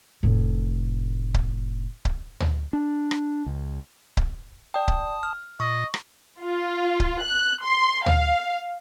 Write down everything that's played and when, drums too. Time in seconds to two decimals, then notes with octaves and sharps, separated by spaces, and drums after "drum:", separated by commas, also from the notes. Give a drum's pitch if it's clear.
0.23 F1 A2
1.34 drum: kick C#1
2.05 drum: kick C#1
2.40 drum: tom
2.73 D4
3.11 drum: rim click
3.46 C#2
4.17 drum: kick C#1
4.74 D5 G5 A5 D#6
4.88 drum: kick C#1
5.23 F6
5.60 A#2 D#5 C#6
5.94 drum: rim click
6.41 F4
7.00 drum: kick C#1
7.21 F#6
7.64 C6
8.06 F5, drum: tom